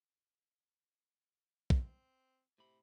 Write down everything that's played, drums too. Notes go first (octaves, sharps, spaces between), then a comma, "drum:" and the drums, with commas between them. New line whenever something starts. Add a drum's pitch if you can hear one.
C4, drum: kick
A2 C3 B5